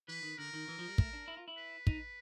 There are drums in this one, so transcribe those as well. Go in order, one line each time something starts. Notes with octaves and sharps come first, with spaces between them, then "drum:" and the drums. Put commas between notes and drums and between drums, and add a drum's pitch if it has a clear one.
E3 B4
D#3
D3 A#4
D#3
E3
F3
G3
A3, drum: kick
D4
E4
F4
E4
B4
D#4, drum: kick